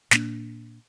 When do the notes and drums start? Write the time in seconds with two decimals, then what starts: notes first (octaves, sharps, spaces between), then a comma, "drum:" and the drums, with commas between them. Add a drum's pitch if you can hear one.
0.11 A#2 A#3 D4, drum: snare